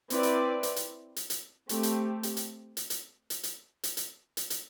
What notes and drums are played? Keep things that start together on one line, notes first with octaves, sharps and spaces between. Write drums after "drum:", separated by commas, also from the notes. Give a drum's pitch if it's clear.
C4 E4 B4 D5, drum: hi-hat
drum: hi-hat
drum: hi-hat
drum: hi-hat
drum: hi-hat
drum: hi-hat
A3 C4 G4, drum: hi-hat
drum: hi-hat
drum: hi-hat
drum: hi-hat
drum: hi-hat
drum: hi-hat
drum: hi-hat
drum: hi-hat
drum: hi-hat
drum: hi-hat
drum: hi-hat
drum: hi-hat